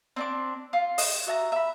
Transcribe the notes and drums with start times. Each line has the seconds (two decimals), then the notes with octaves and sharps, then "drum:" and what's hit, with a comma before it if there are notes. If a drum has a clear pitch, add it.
0.16 C4 D4 D6
0.73 F4
0.98 D#5, drum: open hi-hat
1.27 F#4 E5 A5 A#5
1.52 E5 B5